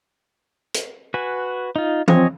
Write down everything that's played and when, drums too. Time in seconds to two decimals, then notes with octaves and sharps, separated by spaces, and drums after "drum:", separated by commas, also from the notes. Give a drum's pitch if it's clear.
0.74 drum: hi-hat
1.14 F#4 B4 G#5
1.76 D#4 F4
2.08 F3 C4 C#5 D#5 G#5, drum: tom